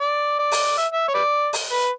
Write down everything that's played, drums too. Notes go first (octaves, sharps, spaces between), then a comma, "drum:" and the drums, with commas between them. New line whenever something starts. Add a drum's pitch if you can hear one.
D5
D5
drum: open hi-hat
E5
E5
C#5
B4 D5
drum: open hi-hat
B4